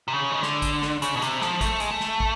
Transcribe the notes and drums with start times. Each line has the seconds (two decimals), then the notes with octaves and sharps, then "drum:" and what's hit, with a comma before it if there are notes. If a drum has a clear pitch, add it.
0.08 C3
0.13 C#3
0.31 D#3
0.43 D3, drum: snare
0.62 drum: kick, hi-hat
0.82 drum: snare
1.02 C#3, drum: hi-hat
1.16 B2
1.22 C3, drum: hi-hat
1.41 F3, drum: snare
1.61 A3, drum: kick, hi-hat
1.80 G#3, drum: hi-hat
1.91 A3
2.00 drum: snare
2.20 drum: kick